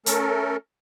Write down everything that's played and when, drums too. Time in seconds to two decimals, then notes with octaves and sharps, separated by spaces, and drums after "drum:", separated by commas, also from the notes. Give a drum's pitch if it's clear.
0.06 A3 C#4 A4 A#4, drum: hi-hat